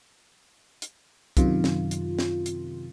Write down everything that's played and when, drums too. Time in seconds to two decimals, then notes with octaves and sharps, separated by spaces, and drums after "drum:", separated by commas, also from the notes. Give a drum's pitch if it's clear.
0.82 drum: hi-hat
1.37 F#2 C3 D#3 F4, drum: kick, hi-hat
1.64 drum: snare
1.91 drum: hi-hat
2.19 drum: snare
2.46 drum: hi-hat